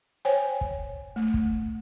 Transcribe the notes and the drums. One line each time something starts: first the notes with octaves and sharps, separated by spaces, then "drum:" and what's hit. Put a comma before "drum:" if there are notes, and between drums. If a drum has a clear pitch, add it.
C5 C#5 G5 G#5
drum: kick
A3
drum: kick